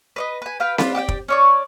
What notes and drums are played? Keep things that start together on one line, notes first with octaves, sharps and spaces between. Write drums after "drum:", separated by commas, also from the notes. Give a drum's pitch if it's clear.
B4 D5 D#5
B4 G#5
B4 F5 G5
D4 F4 B5, drum: snare C4
G4 D5 F#5 G5
drum: kick
C#4 C#5 D5